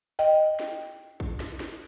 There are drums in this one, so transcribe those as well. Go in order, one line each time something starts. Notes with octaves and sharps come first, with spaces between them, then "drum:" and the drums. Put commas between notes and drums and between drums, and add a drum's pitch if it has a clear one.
D#5 G5
drum: snare
drum: kick
drum: snare
drum: snare